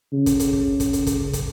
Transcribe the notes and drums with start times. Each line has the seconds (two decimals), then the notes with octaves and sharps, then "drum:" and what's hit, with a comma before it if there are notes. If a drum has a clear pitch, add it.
0.13 C#3
0.26 drum: kick, hi-hat
0.40 drum: hi-hat
0.53 drum: kick
0.80 drum: kick, hi-hat
0.93 drum: hi-hat
1.07 drum: kick, hi-hat
1.33 drum: kick, hi-hat